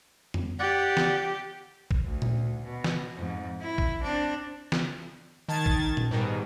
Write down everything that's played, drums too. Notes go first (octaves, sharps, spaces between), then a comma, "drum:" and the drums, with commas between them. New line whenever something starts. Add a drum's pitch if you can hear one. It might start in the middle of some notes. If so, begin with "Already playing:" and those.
drum: tom F2
G4 D5 F#5
drum: snare
drum: kick
D2
drum: tom A#2
B2
drum: snare
F2 G#2
E4
drum: kick
C4 D4
drum: snare
D#3 A5 G#6 A6
drum: kick
drum: tom A#2
G#2 B2 D#3 G3